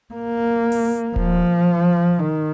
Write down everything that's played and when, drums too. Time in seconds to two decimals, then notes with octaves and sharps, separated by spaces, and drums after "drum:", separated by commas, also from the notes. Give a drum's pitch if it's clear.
0.14 A#3
0.72 drum: open hi-hat
1.16 F3, drum: kick D#1
2.19 D#3